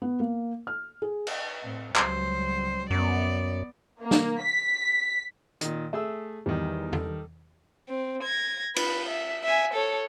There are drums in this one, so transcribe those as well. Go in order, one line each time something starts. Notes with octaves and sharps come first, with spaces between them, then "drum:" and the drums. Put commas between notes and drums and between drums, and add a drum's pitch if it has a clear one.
B3
A#3
F6
G#4
drum: cymbal
A2 C4
C#2 F#3 G3 C5, drum: clap
F#2 B3 D5
A#3
drum: snare
B6
A#2 D#3, drum: hi-hat
A3 G#4 E5 E6
E2 D#3 G3
A4, drum: tom E2
C4
G#6 A#6
B4, drum: cymbal
E5
E5 G#5
A4 C#5